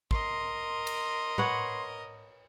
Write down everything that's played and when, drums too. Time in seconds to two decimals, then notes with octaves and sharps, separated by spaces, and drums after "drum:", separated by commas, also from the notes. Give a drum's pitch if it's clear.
0.11 A#4 D#5 C6, drum: kick
0.87 drum: cymbal
1.38 B4 C#5 F#5, drum: tom A2